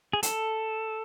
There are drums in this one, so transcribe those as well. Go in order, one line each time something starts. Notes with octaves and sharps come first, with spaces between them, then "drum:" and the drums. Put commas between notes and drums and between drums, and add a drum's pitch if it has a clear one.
G#4
A4, drum: hi-hat